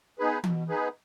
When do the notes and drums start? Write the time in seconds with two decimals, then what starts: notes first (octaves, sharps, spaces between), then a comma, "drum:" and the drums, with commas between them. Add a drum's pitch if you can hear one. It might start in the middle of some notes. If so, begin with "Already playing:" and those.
0.19 B3 D#4 G#4 B4
0.44 B2, drum: tom E3
0.69 B3 D#4 G#4 B4